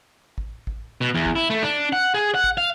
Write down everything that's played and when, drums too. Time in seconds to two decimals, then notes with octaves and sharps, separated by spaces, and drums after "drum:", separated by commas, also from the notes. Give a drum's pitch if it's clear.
0.38 drum: kick
0.67 drum: kick
1.01 B2
1.15 E2
1.26 drum: kick
1.36 E4
1.50 A3
1.63 D4
1.93 F#5
2.14 G#4
2.35 F#5
2.44 drum: kick
2.57 F5